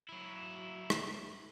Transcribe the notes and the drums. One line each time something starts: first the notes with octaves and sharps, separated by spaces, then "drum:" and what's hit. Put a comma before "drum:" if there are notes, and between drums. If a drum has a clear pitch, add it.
F#3 E4
drum: rim click